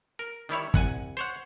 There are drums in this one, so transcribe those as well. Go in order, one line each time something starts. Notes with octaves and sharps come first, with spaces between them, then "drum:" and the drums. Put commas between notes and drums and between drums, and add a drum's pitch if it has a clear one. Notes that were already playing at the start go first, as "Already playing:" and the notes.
A#4
D#3 G3 E4 C#5
C2 F#5 G#5, drum: kick
C5 C#5 F#5